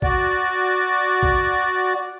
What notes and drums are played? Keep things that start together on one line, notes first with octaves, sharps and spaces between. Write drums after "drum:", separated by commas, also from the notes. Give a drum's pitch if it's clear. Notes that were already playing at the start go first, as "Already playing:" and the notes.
F#4 D5, drum: kick A#1
drum: kick A#1